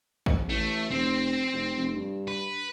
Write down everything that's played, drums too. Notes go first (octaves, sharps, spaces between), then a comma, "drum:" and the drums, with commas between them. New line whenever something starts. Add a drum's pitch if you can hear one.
drum: kick
A1 A3
F1 C4
F1
F1
G2
B4